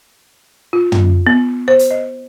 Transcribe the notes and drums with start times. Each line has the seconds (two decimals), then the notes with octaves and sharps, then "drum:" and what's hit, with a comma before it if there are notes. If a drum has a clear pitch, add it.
0.73 F4
0.92 drum: tom
1.27 B3
1.68 C5
1.79 drum: hi-hat
1.91 D#5